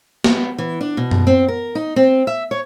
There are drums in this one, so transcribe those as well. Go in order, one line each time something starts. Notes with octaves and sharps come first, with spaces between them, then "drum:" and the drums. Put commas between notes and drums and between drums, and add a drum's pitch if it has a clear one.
B3, drum: snare
E3
D4
B2
drum: tom F#2
C4
A#4
D#4
C4
E5
C#5